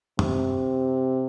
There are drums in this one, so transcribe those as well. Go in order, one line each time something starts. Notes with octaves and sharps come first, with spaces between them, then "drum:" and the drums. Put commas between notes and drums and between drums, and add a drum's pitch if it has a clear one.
C3, drum: tom F#2